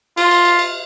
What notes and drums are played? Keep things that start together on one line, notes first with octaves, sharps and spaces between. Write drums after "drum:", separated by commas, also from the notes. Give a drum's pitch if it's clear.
F4, drum: cymbal
drum: cymbal
drum: cymbal
drum: cymbal